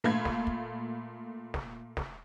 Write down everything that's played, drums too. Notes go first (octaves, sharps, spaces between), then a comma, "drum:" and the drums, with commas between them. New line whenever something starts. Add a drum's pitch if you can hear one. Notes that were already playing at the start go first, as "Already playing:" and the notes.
A#2 A3 F5 B5 G#6
drum: snare
drum: kick
drum: snare
drum: snare